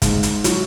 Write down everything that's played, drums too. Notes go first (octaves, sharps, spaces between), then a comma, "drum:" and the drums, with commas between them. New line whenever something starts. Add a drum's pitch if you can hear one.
G#2, drum: kick, hi-hat
drum: hi-hat
F#3, drum: hi-hat